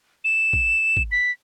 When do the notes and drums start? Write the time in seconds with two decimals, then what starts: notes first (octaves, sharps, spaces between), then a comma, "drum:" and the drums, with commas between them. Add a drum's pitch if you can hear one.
0.24 E7
0.53 drum: kick G#1
0.97 drum: kick G#1
1.12 B6